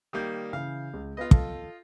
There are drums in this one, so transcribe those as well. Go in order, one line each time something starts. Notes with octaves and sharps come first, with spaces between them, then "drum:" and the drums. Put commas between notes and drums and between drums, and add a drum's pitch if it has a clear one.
D#3 G3 A#3 D#6 G6
C#3 E3 F5
C#2
B3 F4 B4 D#5 F5
A4, drum: kick